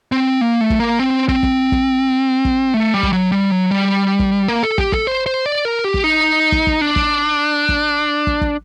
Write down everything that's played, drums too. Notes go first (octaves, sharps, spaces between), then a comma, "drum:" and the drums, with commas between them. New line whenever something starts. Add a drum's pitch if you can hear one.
C4
A#3
A3
drum: kick
A#3
C4
C4, drum: kick
drum: kick
drum: kick
drum: kick
A3
G3
drum: kick
F#3
G3
F#3
G3
drum: kick
A#3
A4
G4, drum: kick
A4, drum: kick
C5
C5
D5
A#4
G4
drum: kick
D#4
drum: kick
drum: kick
D4
drum: kick
drum: kick
drum: kick
drum: kick